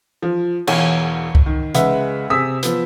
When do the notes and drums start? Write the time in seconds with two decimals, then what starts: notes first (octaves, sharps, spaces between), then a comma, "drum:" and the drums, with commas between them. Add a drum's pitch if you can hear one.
0.22 F3
0.67 E1 E2 C#5 F5, drum: cymbal
1.35 drum: kick C2
1.46 D#3
1.75 C#3 G#3 B4 E5 F#5, drum: hi-hat
2.30 C3 G#4 D#6 E6 B6
2.63 F3 B3, drum: hi-hat